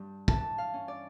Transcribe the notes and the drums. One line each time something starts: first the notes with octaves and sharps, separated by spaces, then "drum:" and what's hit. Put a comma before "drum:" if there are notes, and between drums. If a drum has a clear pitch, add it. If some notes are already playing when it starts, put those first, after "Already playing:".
Already playing: G2 G3
E3 A5, drum: kick
F5
C#4
D5